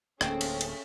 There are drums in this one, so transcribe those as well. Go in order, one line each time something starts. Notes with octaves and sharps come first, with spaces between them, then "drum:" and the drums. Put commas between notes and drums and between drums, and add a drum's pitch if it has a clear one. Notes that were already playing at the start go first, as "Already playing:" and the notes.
D1 D2 A#3 C#4 G#4 A4 C5 G5, drum: rim click
drum: cymbal
drum: cymbal